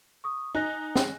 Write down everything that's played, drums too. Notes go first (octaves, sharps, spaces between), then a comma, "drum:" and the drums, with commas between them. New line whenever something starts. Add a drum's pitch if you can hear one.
C#6 D#6
D#4 G#5 F#6 A#6
drum: snare